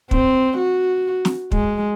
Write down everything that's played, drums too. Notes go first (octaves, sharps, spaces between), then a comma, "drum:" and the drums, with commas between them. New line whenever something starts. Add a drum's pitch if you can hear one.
C4, drum: kick
F#4
drum: snare
G#3, drum: kick